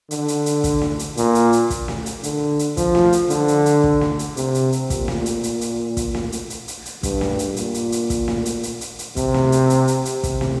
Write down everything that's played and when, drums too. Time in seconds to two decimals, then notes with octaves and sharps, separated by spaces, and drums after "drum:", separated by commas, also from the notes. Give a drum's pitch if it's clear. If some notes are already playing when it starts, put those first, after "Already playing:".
0.11 D3, drum: hi-hat
0.28 drum: hi-hat
0.46 drum: hi-hat
0.64 drum: kick, hi-hat
0.81 drum: snare
0.99 drum: hi-hat
1.17 A#2, drum: hi-hat
1.35 drum: hi-hat
1.53 drum: hi-hat
1.70 drum: kick, hi-hat
1.88 drum: snare
2.06 drum: hi-hat
2.23 D3, drum: hi-hat
2.59 drum: hi-hat
2.77 F3, drum: kick, hi-hat
2.95 drum: snare
3.12 drum: hi-hat
3.30 D3, drum: hi-hat
3.48 drum: hi-hat
3.66 drum: hi-hat
3.84 drum: kick
4.01 drum: snare
4.19 drum: hi-hat
4.37 C3, drum: hi-hat
4.55 drum: hi-hat
4.72 drum: hi-hat
4.90 A#2, drum: kick, hi-hat
5.08 drum: snare
5.26 drum: hi-hat
5.43 drum: hi-hat
5.61 drum: hi-hat
5.97 drum: kick, hi-hat
6.14 drum: snare
6.32 drum: hi-hat
6.50 drum: hi-hat
6.68 drum: hi-hat
6.86 drum: hi-hat
7.03 G2, drum: kick, hi-hat
7.21 drum: snare
7.39 drum: hi-hat
7.56 A#2, drum: hi-hat
7.74 drum: hi-hat
7.92 drum: hi-hat
8.10 drum: kick, hi-hat
8.28 drum: snare
8.45 drum: hi-hat
8.63 drum: hi-hat
8.81 drum: hi-hat
8.99 drum: hi-hat
9.16 C3, drum: kick, hi-hat
9.34 drum: snare
9.52 drum: hi-hat
9.70 drum: hi-hat
9.88 drum: hi-hat
10.05 drum: hi-hat
10.23 C3, drum: kick, hi-hat
10.41 drum: snare